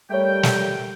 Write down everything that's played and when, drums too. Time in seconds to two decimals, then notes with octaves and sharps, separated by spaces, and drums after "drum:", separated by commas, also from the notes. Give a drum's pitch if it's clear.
0.10 G3 A3 A#4 C#5 G5 G6
0.43 drum: snare